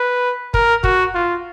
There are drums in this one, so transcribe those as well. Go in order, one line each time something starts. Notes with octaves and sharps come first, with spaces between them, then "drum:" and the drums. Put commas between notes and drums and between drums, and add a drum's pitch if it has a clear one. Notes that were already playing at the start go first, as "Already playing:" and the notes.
Already playing: B4
A#4, drum: kick
F#4, drum: kick
F4